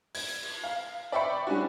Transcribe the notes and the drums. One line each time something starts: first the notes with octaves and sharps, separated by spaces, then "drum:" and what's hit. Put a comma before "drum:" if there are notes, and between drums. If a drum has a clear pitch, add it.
G#6, drum: open hi-hat
drum: cymbal
F5
D5 E5 G5 B5 C#6 C#7
G3 C#4 D4 E4 F#4